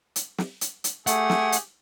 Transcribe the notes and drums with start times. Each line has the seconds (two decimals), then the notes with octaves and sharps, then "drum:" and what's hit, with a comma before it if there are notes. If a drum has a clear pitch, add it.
0.16 drum: hi-hat
0.38 drum: snare
0.61 drum: hi-hat
0.84 drum: hi-hat
1.07 A3 G4 G#4 F#5 G#5, drum: hi-hat
1.30 drum: snare
1.52 drum: hi-hat